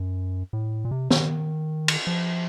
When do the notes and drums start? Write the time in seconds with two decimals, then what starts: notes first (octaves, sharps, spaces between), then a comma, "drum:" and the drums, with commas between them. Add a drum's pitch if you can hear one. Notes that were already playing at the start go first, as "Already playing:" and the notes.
Already playing: F#2
0.53 A2
0.85 A#2
0.91 C3
1.10 D#3, drum: snare
1.88 drum: cymbal
2.07 F3